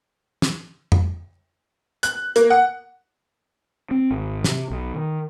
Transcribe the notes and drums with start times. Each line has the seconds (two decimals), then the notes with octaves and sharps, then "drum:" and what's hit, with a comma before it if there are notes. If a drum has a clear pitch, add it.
0.42 drum: snare
0.92 drum: tom F2
2.03 F#6, drum: hi-hat
2.36 A#3, drum: hi-hat
2.50 F#5
3.91 C4
4.11 G#1
4.44 C3, drum: snare
4.70 B1
4.94 D#3